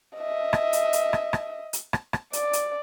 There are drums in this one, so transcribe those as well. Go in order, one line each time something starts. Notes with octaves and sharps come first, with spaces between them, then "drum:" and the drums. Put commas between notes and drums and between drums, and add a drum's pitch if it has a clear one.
D#5 E5
drum: rim click
drum: hi-hat
drum: hi-hat
drum: rim click
drum: rim click
drum: hi-hat
drum: rim click
drum: rim click
D5, drum: hi-hat
drum: hi-hat